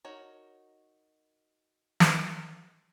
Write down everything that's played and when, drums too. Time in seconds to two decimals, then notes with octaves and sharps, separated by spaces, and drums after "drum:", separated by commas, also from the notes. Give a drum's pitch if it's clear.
0.05 D#4 F#4 A#4 C#5
2.00 drum: snare